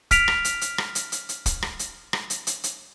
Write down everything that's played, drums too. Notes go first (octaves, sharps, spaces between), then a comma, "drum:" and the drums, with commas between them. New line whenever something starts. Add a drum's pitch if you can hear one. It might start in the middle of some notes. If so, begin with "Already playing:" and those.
F6 B6 D7 F7, drum: kick, hi-hat
drum: rim click
drum: hi-hat
drum: hi-hat
drum: rim click
drum: hi-hat
drum: hi-hat
drum: hi-hat
drum: kick, hi-hat
drum: rim click
drum: hi-hat
drum: rim click
drum: hi-hat
drum: hi-hat
drum: hi-hat